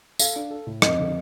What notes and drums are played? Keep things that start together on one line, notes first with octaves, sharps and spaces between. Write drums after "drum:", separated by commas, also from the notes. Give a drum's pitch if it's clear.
A4 F5, drum: tambourine
D4
A4
A2
F2 D#5, drum: rim click
D3